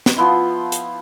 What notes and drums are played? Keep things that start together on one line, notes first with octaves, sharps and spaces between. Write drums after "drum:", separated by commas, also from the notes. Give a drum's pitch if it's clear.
drum: snare
F3 B3 E4 C6
drum: hi-hat